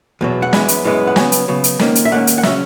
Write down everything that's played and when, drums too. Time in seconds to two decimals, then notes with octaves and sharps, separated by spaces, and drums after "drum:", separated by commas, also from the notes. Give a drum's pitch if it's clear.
0.21 E2 B2 F#3
0.42 F#5
0.53 F#2 E3 G#3 B3 G#5, drum: snare
0.68 drum: hi-hat
0.84 F#2 E3 G#3 B3
1.07 F#5
1.16 C#3 F#3 B3 G#5, drum: snare
1.32 drum: hi-hat
1.48 C#3 F#3 B3
1.64 drum: hi-hat
1.79 G#2 D#3 A#3 C#4, drum: snare
1.95 drum: hi-hat
2.05 E5
2.12 G#2 D#3 A#3 C#4 F#5
2.27 drum: hi-hat
2.38 F#5
2.43 C#3 F#3 C#4 E5, drum: snare